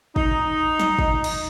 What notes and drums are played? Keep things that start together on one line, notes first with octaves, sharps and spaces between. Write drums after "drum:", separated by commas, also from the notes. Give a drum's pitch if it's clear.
D#4, drum: kick
drum: snare
drum: kick
drum: cymbal